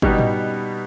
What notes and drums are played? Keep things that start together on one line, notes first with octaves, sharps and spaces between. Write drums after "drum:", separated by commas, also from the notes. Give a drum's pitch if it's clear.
B2 G3 B3 D#4, drum: kick G1
drum: tom G#2